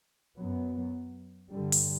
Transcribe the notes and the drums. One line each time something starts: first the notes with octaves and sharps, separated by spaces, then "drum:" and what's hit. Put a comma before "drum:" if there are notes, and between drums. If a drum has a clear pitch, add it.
F#2 F#3 B3
G2 D3 G3
drum: open hi-hat